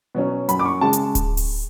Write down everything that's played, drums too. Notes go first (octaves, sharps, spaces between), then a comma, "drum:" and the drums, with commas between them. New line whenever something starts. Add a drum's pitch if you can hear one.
B2 F#3 C#4
F#2 B5, drum: hi-hat
D6
C#6
C#3 G#3 A5
drum: hi-hat
drum: kick D1, hi-hat
drum: open hi-hat